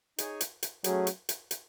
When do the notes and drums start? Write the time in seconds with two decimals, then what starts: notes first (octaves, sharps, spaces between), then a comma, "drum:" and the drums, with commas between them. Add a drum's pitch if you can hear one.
0.18 D#4 G#4 C#5 G#5, drum: hi-hat
0.41 drum: hi-hat
0.63 drum: hi-hat
0.84 F#3 A3 C#4 G#4, drum: hi-hat
1.07 drum: hi-hat
1.29 drum: hi-hat
1.51 drum: hi-hat